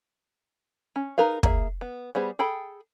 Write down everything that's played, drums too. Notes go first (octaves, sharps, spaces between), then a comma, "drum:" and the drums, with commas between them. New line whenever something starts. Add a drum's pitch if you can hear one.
C#4
D#4 G#4 A#4 B4 F5
A#3 G#4 D#5 E5, drum: kick
B3
G3 B3 G#4 C5
G#4 A4 G5 B5